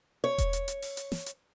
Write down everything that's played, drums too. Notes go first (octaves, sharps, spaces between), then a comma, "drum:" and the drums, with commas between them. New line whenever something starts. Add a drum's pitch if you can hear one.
C#5
drum: kick E1, hi-hat
drum: hi-hat
drum: hi-hat
drum: open hi-hat
drum: hi-hat
drum: snare
drum: hi-hat